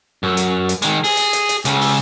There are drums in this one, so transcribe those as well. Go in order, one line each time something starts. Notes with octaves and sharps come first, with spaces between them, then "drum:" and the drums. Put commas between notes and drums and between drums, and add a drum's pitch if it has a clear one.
F#2
drum: hi-hat
drum: hi-hat
D#3 G#3, drum: hi-hat
G#4, drum: open hi-hat
drum: hi-hat
drum: hi-hat
drum: hi-hat
C#2 C#3, drum: hi-hat
drum: open hi-hat